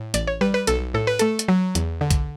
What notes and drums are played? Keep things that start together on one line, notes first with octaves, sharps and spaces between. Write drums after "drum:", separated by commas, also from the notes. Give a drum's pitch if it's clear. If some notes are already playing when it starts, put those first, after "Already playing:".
Already playing: A2
A1 D5, drum: hi-hat
C#5
G3 B4
B4
B1 A4, drum: hi-hat
A2 A4
B4
A3 A4, drum: hi-hat
drum: hi-hat
F#3
E2, drum: hi-hat
D3
drum: kick, hi-hat